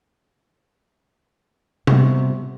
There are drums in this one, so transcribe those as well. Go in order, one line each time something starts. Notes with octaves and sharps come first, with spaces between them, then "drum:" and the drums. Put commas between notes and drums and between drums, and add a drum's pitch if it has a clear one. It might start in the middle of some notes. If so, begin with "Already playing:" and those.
C3 G3 B3 F#4, drum: tom C3